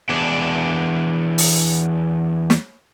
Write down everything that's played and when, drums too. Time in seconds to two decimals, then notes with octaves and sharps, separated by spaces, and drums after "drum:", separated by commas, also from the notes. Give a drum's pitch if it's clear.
0.10 E2 D4
1.38 drum: open hi-hat
2.50 drum: snare